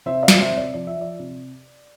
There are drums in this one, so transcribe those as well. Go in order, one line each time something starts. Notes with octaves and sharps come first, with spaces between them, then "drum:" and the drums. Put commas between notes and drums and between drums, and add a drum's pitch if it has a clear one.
C3 C5 E5
D5 F5
C3, drum: snare
C5 E5
C3
D5
F3 D5
E5
F3 D5
C3